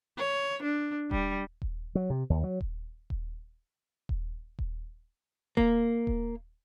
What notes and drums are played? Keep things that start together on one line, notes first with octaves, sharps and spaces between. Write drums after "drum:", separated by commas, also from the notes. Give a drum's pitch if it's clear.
C#5
D4
G3, drum: kick D#1
drum: kick D#1
F#3
C3
D#2
F#3
drum: kick D#1
drum: kick D#1
drum: kick D#1
drum: kick D#1
A#3, drum: kick D#1
drum: kick D#1